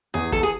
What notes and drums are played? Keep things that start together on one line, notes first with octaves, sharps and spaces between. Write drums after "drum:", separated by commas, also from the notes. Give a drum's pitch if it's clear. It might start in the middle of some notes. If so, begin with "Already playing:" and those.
E2 G#4
A4, drum: kick
G#4